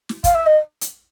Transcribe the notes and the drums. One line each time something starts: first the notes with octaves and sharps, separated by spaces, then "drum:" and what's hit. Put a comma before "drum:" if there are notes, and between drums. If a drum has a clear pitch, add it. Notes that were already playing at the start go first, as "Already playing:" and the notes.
drum: snare
F5, drum: kick, hi-hat
E5
D#5
drum: hi-hat